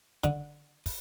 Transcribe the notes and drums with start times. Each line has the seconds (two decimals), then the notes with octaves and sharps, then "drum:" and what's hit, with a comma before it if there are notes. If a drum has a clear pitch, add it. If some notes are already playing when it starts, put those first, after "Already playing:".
0.24 D3, drum: kick, hi-hat
0.86 drum: kick, open hi-hat